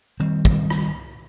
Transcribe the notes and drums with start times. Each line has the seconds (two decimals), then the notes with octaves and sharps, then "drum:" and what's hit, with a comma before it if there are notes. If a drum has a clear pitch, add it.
0.20 D#3 G3 C4
0.45 drum: kick
0.70 drum: rim click